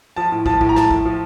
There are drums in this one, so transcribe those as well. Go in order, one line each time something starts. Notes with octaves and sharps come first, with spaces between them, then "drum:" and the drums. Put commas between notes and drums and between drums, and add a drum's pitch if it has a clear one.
F3 A5
A2
F3 A5, drum: kick
A2, drum: kick
A#5
F3 A5, drum: snare
A2, drum: kick
F3